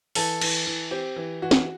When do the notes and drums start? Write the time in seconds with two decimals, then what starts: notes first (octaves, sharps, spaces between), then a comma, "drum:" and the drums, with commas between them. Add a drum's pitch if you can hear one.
0.15 E3 A4, drum: open hi-hat
0.41 E3, drum: cymbal
0.67 E3
0.91 C4 G4
1.16 E3
1.42 E3 F#4
1.51 drum: snare